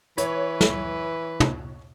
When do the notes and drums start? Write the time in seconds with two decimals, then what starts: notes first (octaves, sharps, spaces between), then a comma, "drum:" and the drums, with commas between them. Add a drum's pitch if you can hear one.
0.18 E3 B4 C#5, drum: hi-hat
0.61 drum: snare
1.40 drum: tom